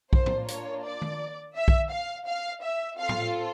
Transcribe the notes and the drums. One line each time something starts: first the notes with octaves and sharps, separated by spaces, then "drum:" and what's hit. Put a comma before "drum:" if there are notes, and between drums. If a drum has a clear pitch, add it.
A#3 D4 F4 C5, drum: kick B1
drum: tom A2
C#5, drum: hi-hat
D5
drum: tom D#3
E5
drum: kick B1
F5
F5
E5
C4 F4 A4 F5
drum: tom A2